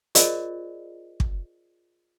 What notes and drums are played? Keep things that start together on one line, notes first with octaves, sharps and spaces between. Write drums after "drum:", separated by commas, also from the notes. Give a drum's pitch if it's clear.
F4 G#4 A#4 C5 D5 D#5, drum: hi-hat
drum: kick